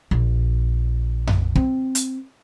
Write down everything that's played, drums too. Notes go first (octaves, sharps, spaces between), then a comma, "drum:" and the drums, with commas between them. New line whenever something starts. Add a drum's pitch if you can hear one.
A#1
drum: tom F2
C4, drum: kick
drum: hi-hat